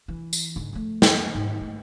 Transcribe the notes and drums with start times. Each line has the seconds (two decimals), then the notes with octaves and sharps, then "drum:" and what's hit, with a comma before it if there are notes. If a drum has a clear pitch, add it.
0.08 E3
0.33 drum: tambourine
0.56 G#2 D3
0.73 F3 A3
1.02 drum: snare
1.35 G#2
1.61 A3